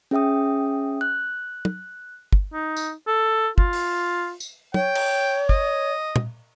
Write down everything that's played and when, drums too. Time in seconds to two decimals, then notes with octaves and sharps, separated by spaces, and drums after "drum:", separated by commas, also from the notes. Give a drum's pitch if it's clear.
0.11 C#4 G#4 E5 G5 D#6
1.01 F#6
1.65 drum: tom
2.33 drum: kick
2.53 D#4
2.77 drum: tambourine
3.07 A4
3.58 F4, drum: kick
3.73 drum: open hi-hat
4.40 drum: tambourine
4.74 C#5 G5, drum: tom
4.95 drum: cymbal
5.49 D#5, drum: kick
6.16 drum: tom